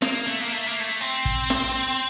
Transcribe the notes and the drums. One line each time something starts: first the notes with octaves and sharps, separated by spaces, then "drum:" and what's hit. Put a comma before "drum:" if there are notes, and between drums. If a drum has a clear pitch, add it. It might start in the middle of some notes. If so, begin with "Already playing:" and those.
A#3, drum: snare
A3
A#3
A3
A#3
A3
C4
drum: kick
drum: snare